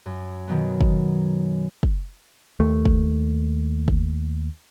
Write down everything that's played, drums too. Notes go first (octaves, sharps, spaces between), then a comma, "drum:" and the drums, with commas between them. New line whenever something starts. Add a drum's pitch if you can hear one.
F#2
B2 D#3 F#3 B3
drum: kick
drum: kick
D#2 A3
drum: kick
drum: kick